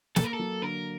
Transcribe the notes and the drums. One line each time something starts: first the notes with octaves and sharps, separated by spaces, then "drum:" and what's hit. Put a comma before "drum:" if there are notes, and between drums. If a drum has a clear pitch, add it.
A#3 A4, drum: snare
A#4
A4
F#3
D3 A#4